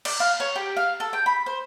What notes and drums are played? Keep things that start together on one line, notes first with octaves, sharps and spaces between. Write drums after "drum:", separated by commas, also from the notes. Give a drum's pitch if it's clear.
D5, drum: cymbal
F5
C#5
G4
F5
A4
G5
B5
C5